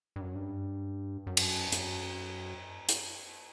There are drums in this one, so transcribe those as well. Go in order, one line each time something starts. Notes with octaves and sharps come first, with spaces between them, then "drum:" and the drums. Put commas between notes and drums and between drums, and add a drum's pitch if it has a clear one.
G2
F#2
G2
F#2
drum: cymbal
F#2, drum: hi-hat
drum: hi-hat